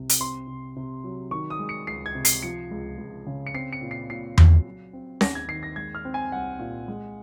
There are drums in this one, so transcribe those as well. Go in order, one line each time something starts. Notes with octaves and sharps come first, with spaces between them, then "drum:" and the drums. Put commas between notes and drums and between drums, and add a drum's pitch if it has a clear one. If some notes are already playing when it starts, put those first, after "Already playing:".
Already playing: C2 C3
drum: hi-hat
C4 C6
C3
C3
F#3
D#3 C#6
D#6
G#3
C#7
C#2 C7
G#6
C3
C7, drum: hi-hat
F3 C#7
C#2
C#2
C#3
C#7
C4 C7
C#7
A#2
C7
A#2 C7
F#3, drum: tom E2
F#3
C4
D#2 A#6, drum: snare C#4
G#6
D#3 C7
A#6
G#3 G#6
F6
C4
G#5
C2 F#5
A#2
G#3